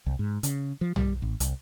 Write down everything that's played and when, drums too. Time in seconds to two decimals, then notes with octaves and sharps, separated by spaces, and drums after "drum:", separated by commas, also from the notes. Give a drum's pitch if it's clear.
0.06 C2
0.19 G#2
0.43 C#3, drum: hi-hat
0.81 F3
0.96 G3, drum: tom
1.22 A1
1.40 C2, drum: hi-hat